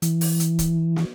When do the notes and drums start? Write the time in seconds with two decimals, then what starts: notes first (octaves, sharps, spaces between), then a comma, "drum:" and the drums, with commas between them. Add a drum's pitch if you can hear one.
0.02 E3, drum: hi-hat
0.21 drum: open hi-hat
0.40 drum: hi-hat
0.59 drum: kick, hi-hat
0.96 drum: snare